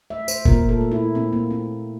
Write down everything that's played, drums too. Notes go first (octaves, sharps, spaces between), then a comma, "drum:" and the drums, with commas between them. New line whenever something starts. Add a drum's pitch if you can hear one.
A3 E5
C5, drum: tambourine
A#2 A#4, drum: kick
A4
A3
E4
A#2 C4
A#3
A3 C4